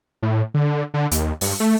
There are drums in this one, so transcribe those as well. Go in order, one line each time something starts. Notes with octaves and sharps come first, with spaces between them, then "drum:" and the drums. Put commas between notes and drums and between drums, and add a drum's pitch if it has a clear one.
A2
D3
D3
D#2, drum: hi-hat
G2, drum: open hi-hat
A3